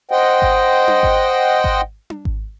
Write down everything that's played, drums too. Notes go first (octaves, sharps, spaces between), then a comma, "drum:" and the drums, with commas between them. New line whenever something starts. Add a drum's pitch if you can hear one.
C5 D#5 F#5 G5
drum: kick G#1
drum: tom D4
drum: kick G#1
drum: kick G#1
drum: tom D4
drum: kick G#1